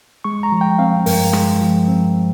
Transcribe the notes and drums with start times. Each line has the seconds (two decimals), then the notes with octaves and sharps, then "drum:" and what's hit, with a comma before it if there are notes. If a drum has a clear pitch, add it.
0.24 G#3 C#6
0.43 A#5
0.52 F3
0.61 G5
0.79 C4 F5
1.06 G2 A#4, drum: open hi-hat
1.33 G#3, drum: rim click
1.61 F3
1.88 C4